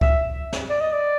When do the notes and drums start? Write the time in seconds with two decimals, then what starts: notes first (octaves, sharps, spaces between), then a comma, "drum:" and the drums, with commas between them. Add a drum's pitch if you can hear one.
0.01 E5, drum: kick C#2
0.53 drum: snare
0.69 D5
0.80 D#5
0.92 D5